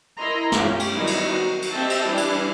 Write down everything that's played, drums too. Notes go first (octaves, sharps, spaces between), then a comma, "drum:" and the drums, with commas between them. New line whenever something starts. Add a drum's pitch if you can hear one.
E4 A#4 D#5 A#5 C6
C#4 F4 G4, drum: snare
drum: cymbal
D#3 F#3 G3 B3 D#4 E4
drum: cymbal
F#4
drum: cymbal
C4 G4 D#5 E5 G5 A5
drum: cymbal
E3 G3 D4 E4
drum: cymbal